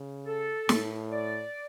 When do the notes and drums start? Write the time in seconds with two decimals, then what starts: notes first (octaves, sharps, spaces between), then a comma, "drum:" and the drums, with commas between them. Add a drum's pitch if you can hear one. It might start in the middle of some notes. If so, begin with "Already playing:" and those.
Already playing: C#3
0.26 A4
0.69 A2, drum: snare
1.11 D5